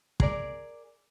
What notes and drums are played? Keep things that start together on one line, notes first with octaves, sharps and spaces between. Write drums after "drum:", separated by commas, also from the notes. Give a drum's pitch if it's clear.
G#4 A#4 D5, drum: kick